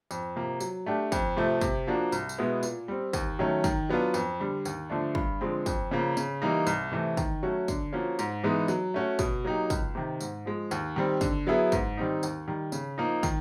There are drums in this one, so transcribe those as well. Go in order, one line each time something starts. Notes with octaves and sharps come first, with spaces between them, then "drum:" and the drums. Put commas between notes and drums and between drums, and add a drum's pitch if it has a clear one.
F2, drum: tambourine
C3 F3 A#3
F#3, drum: tambourine
A3 D4 G4
F2, drum: kick, tambourine
C3 F3 A3
C3, drum: kick, tambourine
F3 A#3 D4 F#4
C2, drum: tambourine
drum: tambourine
B2 G#3 B3 E4
A#2, drum: tambourine
G3 C4
D#2, drum: kick, tambourine
D#3 F#3 A3 C#4
D#3, drum: kick, tambourine
F#3 B3 D4 F4
F2, drum: tambourine
D3 G3
D#2, drum: tambourine
D3 F3 A3 D4
G2, drum: kick
D3 F3 G#3 C4
F2, drum: kick, tambourine
C#3 F3 A#3
C#3, drum: tambourine
E3 G3 A#3 D#4
C2, drum: tambourine
C3 E3 A3
D#3, drum: kick, tambourine
F#3 A3 C#4 F#4
D3, drum: kick, tambourine
F3 A#3 C#4 F#4
G#2, drum: tambourine
E3 G#3 B3 D#4
F#3, drum: tambourine
A3 C#4 F#4
B2, drum: kick, tambourine
F#3 A#3 D#4 G4
C#2, drum: kick, tambourine
C3 D#3
G#2, drum: tambourine
F3 G#3
D#2, drum: tambourine
D#3 G3 C4
D3, drum: kick, tambourine
F#3 B3 E4 G#4
G#2, drum: kick, tambourine
D#3 G3 C4 D#4
D#2, drum: tambourine
D#3 G3
C#3, drum: tambourine
F3 A#3 D#4
D#3, drum: kick, tambourine